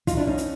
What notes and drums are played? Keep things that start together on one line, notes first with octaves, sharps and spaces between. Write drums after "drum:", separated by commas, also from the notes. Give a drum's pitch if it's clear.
D#4 F4, drum: kick, hi-hat
D4 E4
C#4 D#4
drum: hi-hat